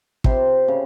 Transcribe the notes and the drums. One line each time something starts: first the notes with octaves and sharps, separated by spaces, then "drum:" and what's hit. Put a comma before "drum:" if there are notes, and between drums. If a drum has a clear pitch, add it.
C3 C5 C6, drum: kick
C#3